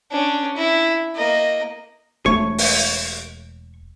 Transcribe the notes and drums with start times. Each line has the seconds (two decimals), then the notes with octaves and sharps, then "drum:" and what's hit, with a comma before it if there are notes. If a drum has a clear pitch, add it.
0.11 C#4 D4
0.57 E4
1.15 A#3 D#5
2.26 E1 A3 C#5
2.58 drum: open hi-hat